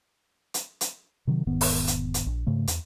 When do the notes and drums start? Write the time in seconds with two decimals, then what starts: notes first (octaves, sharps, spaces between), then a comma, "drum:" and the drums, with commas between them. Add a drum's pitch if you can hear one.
0.54 drum: hi-hat
0.81 drum: hi-hat
1.27 C3 D#3 F#3
1.46 E1 G#2 D#3 B3
1.61 drum: open hi-hat
1.87 drum: hi-hat
2.14 drum: hi-hat
2.26 A#1
2.46 G#2 C#3 A3
2.67 E2, drum: hi-hat